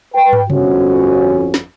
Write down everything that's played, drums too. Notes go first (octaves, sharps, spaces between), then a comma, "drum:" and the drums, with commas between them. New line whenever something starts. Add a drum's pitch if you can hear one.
B4 G5
drum: tom
G1 F2 C#4 F#4, drum: tom C3
drum: snare